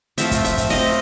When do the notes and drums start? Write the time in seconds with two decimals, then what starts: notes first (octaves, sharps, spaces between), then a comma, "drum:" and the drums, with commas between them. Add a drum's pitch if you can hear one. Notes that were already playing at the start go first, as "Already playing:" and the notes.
0.18 F3 A3 C4 E5, drum: hi-hat
0.31 drum: kick, hi-hat
0.45 E5, drum: hi-hat
0.58 drum: kick, hi-hat
0.70 F3 A3 C4 D#5, drum: open hi-hat